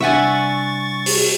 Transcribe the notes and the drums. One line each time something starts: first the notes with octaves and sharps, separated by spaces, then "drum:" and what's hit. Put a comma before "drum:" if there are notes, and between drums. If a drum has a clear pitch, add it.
C2 D4 E5 F#5 G#5 C#6 A6
drum: open hi-hat